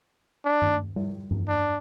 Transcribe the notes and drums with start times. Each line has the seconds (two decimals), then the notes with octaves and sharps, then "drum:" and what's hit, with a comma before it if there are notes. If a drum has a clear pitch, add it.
0.45 D4
0.62 drum: tom G2
0.96 drum: tom G3
1.31 drum: tom G2
1.48 D4